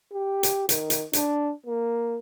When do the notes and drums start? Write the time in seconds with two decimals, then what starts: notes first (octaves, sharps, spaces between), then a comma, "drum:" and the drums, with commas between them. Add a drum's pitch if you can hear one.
0.13 G4
0.43 drum: hi-hat
0.69 D#3, drum: hi-hat
0.90 drum: hi-hat
1.13 D4, drum: hi-hat
1.66 A#3